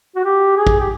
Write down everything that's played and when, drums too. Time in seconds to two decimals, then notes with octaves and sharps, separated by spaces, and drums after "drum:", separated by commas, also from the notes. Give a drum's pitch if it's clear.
0.16 F#4
0.25 G4
0.57 G#4
0.67 drum: kick
0.80 G4